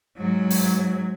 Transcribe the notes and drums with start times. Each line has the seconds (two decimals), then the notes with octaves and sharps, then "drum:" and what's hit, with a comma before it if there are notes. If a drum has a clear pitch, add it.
0.17 G#2 F#3
0.50 drum: open hi-hat